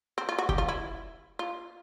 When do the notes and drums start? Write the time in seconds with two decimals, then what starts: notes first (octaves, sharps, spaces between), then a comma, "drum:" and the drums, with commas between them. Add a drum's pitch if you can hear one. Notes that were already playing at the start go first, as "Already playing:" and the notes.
0.18 C4
0.29 F4
0.38 F#4
0.49 G4, drum: kick
0.58 F4
0.68 E4
1.39 F4